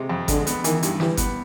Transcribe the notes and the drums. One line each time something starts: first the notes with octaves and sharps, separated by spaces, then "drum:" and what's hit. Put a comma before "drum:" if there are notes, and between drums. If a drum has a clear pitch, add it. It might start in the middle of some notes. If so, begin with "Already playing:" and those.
Already playing: C3 G#3
F2
D3 G#3, drum: kick G1, hi-hat
B3, drum: hi-hat
D#3 E3, drum: hi-hat
G2, drum: hi-hat
E3 G3, drum: snare
B3, drum: kick G1, hi-hat